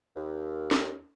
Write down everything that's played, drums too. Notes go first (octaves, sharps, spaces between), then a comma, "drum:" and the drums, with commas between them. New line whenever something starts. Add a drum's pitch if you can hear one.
D#2
drum: snare